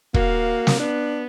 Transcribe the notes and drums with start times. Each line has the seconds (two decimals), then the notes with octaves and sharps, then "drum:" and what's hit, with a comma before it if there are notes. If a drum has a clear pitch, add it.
0.14 A#3 F#4 F5, drum: kick
0.67 drum: snare
0.79 B3 D4